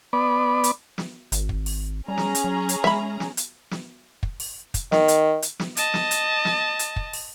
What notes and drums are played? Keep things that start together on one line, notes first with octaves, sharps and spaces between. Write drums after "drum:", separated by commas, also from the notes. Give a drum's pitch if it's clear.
B3 D5
drum: hi-hat
drum: snare
G#1, drum: hi-hat
drum: kick
drum: open hi-hat
G3 C#4 G#4 A#5
drum: snare
drum: hi-hat
F#3
drum: hi-hat
G#3 E5 B5, drum: snare
drum: snare
drum: hi-hat
drum: snare
drum: kick
drum: open hi-hat
drum: kick, hi-hat
D#3, drum: snare
drum: hi-hat
drum: hi-hat
drum: snare
D#5 A5, drum: hi-hat
drum: snare
drum: hi-hat
drum: snare
drum: hi-hat
drum: kick
drum: open hi-hat